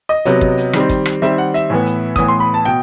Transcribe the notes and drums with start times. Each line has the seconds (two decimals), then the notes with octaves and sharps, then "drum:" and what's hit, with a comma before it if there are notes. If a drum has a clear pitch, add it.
0.09 D#5
0.25 C3 F#3 B3, drum: hi-hat
0.41 drum: kick
0.57 drum: hi-hat
0.73 D#3 G3 C4, drum: rim click
0.89 drum: kick, hi-hat
1.06 drum: rim click
1.22 D#3 G3 C4 E5, drum: hi-hat
1.38 F#5
1.54 E5, drum: hi-hat
1.70 A2 E3 B3
1.86 drum: hi-hat
2.16 A2 E3 B3 D#6, drum: kick, hi-hat
2.28 C6
2.40 B5
2.54 A5
2.65 B2 G5